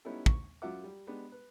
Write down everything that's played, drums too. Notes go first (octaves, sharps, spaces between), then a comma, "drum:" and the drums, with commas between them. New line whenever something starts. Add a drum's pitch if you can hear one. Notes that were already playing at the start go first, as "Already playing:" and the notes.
G3 B3 C#4 D#4 E4 A4
C#6, drum: kick
F#2 F#3 F4 E5 F#5 D6
G3
G#3 B3 D4 G4
B4